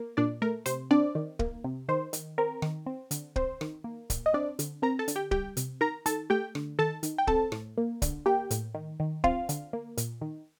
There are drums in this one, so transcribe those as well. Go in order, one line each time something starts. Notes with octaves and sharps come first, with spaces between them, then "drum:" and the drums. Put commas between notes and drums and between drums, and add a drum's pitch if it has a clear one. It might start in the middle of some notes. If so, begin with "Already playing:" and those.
Already playing: A#3
A#2 D4 D5
A3 A#4
C3 C5, drum: hi-hat
C4 D4 D5
D#3
A#3, drum: kick
C3
D#3 C5
D#3, drum: hi-hat
C4 A#4
D#3, drum: rim click
C4
D3, drum: hi-hat
C4 C5, drum: kick
D#3, drum: rim click
A#3
A#2, drum: kick, hi-hat
D#5
C4 D4 D5
D3, drum: hi-hat
C4 A#4 A#5
A4 A5
D3, drum: hi-hat
G4 G5
G3 G4 G5, drum: kick
C3, drum: hi-hat
D#3 A#4 A#5
D#3 A4 A5, drum: hi-hat
A3 G4 G5
D3, drum: rim click
D#3 A4 A5
D#3, drum: hi-hat
G5
C4 A4 A5, drum: kick
A2, drum: rim click
A#3
D3, drum: kick, hi-hat
A#3 G4 G5
A2, drum: hi-hat
D#3
D#3
C4 F4 F5, drum: kick
D3, drum: hi-hat
A#3
A#2, drum: hi-hat
D#3